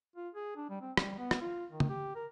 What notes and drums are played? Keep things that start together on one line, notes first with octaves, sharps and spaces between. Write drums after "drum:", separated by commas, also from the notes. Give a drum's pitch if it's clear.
F4
G#4
D4
G3
C4
G3, drum: rim click
B3
drum: rim click
F4
D#3
drum: tom
G4
A#4